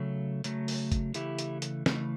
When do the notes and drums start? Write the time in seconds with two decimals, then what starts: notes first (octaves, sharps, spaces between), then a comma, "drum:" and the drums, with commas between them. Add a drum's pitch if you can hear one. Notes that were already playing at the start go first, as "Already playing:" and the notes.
Already playing: C#3 F#3 A3
0.44 C#3 F#3 A3, drum: hi-hat
0.68 drum: open hi-hat
0.92 drum: kick G1, hi-hat
1.14 C#3 E3 A3 E4 G4, drum: hi-hat
1.39 drum: hi-hat
1.62 drum: hi-hat
1.86 C#3 E3 A3, drum: snare